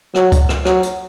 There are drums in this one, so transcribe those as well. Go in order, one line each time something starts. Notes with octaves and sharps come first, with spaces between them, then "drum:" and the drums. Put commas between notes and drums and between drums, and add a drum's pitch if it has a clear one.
F#3, drum: rim click
drum: kick C#2, hi-hat
drum: rim click
F#3, drum: rim click
drum: hi-hat